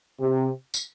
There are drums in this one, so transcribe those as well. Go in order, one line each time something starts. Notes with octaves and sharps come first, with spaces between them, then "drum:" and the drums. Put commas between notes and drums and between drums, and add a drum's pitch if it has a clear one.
C3
drum: tambourine